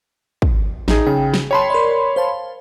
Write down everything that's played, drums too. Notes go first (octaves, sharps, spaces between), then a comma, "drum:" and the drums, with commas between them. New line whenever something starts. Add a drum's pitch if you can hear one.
drum: kick
A1 D#4 G#4, drum: snare
C#3 G5
drum: snare
C#5 G5 A5 B5 C6
A#4 D5
C5 F5 A5